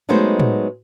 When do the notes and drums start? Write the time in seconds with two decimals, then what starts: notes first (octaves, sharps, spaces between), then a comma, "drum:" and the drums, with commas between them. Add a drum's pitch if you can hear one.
0.09 F#3 G#3 A3 B3 D#4 C5
0.39 drum: tom